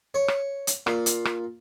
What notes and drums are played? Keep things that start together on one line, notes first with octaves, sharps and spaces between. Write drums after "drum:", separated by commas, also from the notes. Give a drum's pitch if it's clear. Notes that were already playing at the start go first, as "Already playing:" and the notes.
C#5
drum: rim click
drum: hi-hat
A#2, drum: rim click
drum: hi-hat
drum: rim click